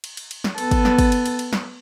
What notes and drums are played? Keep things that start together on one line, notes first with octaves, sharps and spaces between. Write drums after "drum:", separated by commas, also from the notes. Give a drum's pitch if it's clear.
drum: cymbal
drum: cymbal
drum: cymbal
drum: snare
B3 A4, drum: cymbal
drum: kick, cymbal
drum: snare
drum: kick, cymbal
drum: cymbal
drum: cymbal
drum: cymbal
drum: snare